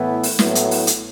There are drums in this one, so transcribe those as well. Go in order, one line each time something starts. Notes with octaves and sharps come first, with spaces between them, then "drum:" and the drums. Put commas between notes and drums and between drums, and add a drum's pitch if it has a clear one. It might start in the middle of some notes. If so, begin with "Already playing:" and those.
Already playing: A2 E3 B3 E4
drum: open hi-hat
A2 F#3 B3 E4, drum: snare
drum: hi-hat
drum: open hi-hat
drum: hi-hat